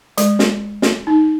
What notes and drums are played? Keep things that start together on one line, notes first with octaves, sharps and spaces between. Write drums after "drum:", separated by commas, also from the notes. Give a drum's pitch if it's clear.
G#3, drum: hi-hat
drum: snare
drum: snare
D#4